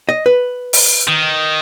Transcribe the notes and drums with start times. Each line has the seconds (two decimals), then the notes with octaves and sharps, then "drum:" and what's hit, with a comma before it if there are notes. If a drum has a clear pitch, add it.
0.09 D#5
0.26 B4
0.73 drum: open hi-hat
1.08 D#3